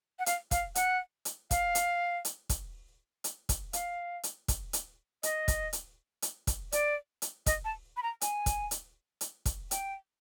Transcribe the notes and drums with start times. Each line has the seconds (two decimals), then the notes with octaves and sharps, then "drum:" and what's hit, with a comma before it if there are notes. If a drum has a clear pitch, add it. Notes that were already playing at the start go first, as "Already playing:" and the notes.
0.19 F#5
0.26 F5, drum: hi-hat
0.51 F5, drum: kick, hi-hat
0.75 F#5, drum: hi-hat
1.25 drum: hi-hat
1.51 F5, drum: kick, hi-hat
1.75 drum: hi-hat
2.25 drum: hi-hat
2.49 drum: kick, hi-hat
3.24 drum: hi-hat
3.49 drum: kick, hi-hat
3.73 F5, drum: hi-hat
4.23 drum: hi-hat
4.48 drum: kick, hi-hat
4.73 drum: hi-hat
5.23 D#5, drum: hi-hat
5.48 drum: kick, hi-hat
5.73 drum: hi-hat
6.22 drum: hi-hat
6.47 drum: kick, hi-hat
6.72 D5, drum: hi-hat
7.22 drum: hi-hat
7.46 D#5, drum: kick, hi-hat
7.65 A5
7.97 B5
8.03 A#5
8.21 G#5, drum: hi-hat
8.46 drum: kick, hi-hat
8.71 drum: hi-hat
9.21 drum: hi-hat
9.46 drum: kick, hi-hat
9.71 G5, drum: hi-hat